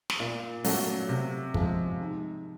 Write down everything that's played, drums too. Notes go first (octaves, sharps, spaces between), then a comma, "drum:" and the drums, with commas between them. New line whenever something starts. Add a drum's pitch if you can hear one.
drum: snare
A#2
F#3 A3 C#4, drum: open hi-hat
C3
F3 G#3, drum: kick
G#2